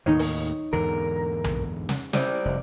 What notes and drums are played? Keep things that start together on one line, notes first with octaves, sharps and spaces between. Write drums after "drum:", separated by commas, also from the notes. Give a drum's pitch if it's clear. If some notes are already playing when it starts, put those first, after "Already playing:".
D#2 A2 D#3 D#4 C#5
drum: open hi-hat
E2 G#2 D3 A#4
drum: tom B1
drum: snare
G3 C5 D5 D#7, drum: snare
F1